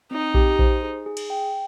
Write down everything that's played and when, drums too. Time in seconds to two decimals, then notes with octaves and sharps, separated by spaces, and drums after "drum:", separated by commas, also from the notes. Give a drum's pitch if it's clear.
0.11 C4 D#4
0.34 G4, drum: kick A#1
0.59 C5, drum: kick A#1
0.83 G#4
1.06 G#4
1.17 drum: cymbal
1.30 G5